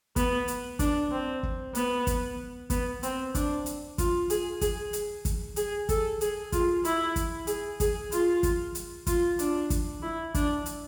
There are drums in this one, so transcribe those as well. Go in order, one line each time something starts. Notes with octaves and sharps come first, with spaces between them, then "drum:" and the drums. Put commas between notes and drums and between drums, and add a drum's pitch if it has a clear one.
B3, drum: kick, hi-hat
drum: hi-hat
D4, drum: kick, hi-hat
C4
drum: kick
B3, drum: hi-hat
drum: kick, hi-hat
B3, drum: kick, hi-hat
C4, drum: hi-hat
D4, drum: kick, hi-hat
drum: hi-hat
F4, drum: kick, hi-hat
G#4, drum: hi-hat
G#4, drum: kick, hi-hat
drum: hi-hat
drum: kick, hi-hat
G#4, drum: hi-hat
A4, drum: kick, hi-hat
G#4, drum: hi-hat
F4, drum: kick, hi-hat
E4, drum: hi-hat
drum: kick, hi-hat
G#4, drum: hi-hat
G#4, drum: kick, hi-hat
F4, drum: hi-hat
drum: kick, hi-hat
drum: hi-hat
F4, drum: kick, hi-hat
D4, drum: hi-hat
drum: kick, hi-hat
E4
D4, drum: kick, hi-hat
drum: hi-hat